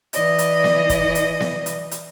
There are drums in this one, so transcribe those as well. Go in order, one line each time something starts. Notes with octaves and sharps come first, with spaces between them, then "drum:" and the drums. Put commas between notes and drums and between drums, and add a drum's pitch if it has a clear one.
E3 D5 D#5, drum: hi-hat
drum: hi-hat
drum: snare B3
drum: kick, hi-hat
drum: hi-hat
drum: snare B3
drum: hi-hat
drum: hi-hat